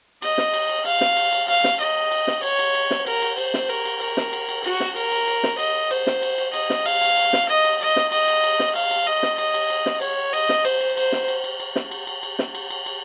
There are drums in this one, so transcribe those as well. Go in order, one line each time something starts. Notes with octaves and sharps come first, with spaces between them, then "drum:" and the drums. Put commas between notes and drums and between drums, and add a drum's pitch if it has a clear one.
D#5, drum: cymbal
drum: snare
drum: cymbal
drum: cymbal
F5, drum: cymbal
drum: snare
drum: cymbal
drum: cymbal
F5, drum: cymbal
drum: snare
D#5, drum: cymbal
drum: cymbal
drum: snare
C#5, drum: cymbal
drum: cymbal
drum: cymbal
drum: snare
A#4, drum: cymbal
drum: cymbal
C5, drum: cymbal
drum: snare
A#4, drum: cymbal
drum: cymbal
A#4, drum: cymbal
drum: snare
drum: cymbal
drum: cymbal
F#4, drum: cymbal
drum: snare
A#4, drum: cymbal
drum: cymbal
drum: cymbal
drum: snare
D#5, drum: cymbal
C5, drum: cymbal
drum: snare
drum: cymbal
drum: cymbal
D#5, drum: cymbal
drum: snare
F5, drum: cymbal
drum: cymbal
drum: cymbal
drum: snare
D#5
drum: cymbal
D#5, drum: cymbal
drum: snare
D#5, drum: cymbal
drum: cymbal
drum: cymbal
drum: snare
F5, drum: cymbal
drum: cymbal
D#5
drum: snare
D#5, drum: cymbal
drum: cymbal
drum: cymbal
drum: snare
C#5, drum: cymbal
D#5, drum: cymbal
drum: snare
C5, drum: cymbal
drum: cymbal
C5, drum: cymbal
drum: snare
drum: cymbal
drum: cymbal
drum: cymbal
drum: snare
drum: cymbal
drum: cymbal
drum: cymbal
drum: snare
drum: cymbal
drum: cymbal
drum: cymbal